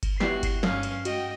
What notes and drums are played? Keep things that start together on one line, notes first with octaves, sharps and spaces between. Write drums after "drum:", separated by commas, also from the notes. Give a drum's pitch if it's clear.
drum: kick G1, cymbal
G3 B3 E4 F#4 G4 C7, drum: snare
drum: kick G1, cymbal
B1 G2 C#4 F5, drum: snare
drum: cymbal
G#2 F#4 D#5 G5, drum: cymbal